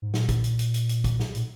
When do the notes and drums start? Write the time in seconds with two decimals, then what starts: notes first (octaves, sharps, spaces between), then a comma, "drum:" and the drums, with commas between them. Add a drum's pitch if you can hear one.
0.02 G#2
0.14 A#2, drum: snare
0.29 drum: kick, hi-hat
0.44 drum: hi-hat
0.59 drum: hi-hat
0.74 drum: hi-hat
0.89 drum: hi-hat
1.04 drum: kick, hi-hat
1.19 drum: snare
1.35 A#2, drum: hi-hat